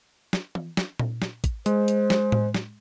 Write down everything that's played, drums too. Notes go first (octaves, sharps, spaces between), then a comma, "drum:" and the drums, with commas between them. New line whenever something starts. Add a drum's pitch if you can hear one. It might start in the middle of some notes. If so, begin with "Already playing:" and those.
drum: snare
drum: tom E3
drum: snare
drum: tom A#2
drum: snare
drum: kick, hi-hat
G#3 C5, drum: hi-hat
drum: hi-hat
drum: snare
drum: tom A2
drum: snare